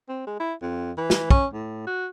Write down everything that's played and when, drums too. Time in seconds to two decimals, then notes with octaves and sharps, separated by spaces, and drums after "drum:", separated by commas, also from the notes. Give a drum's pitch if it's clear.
0.09 C4
0.27 G#3
0.40 E4
0.62 F2
0.97 E3
1.10 drum: snare
1.30 C#4, drum: kick
1.54 A2
1.87 F#4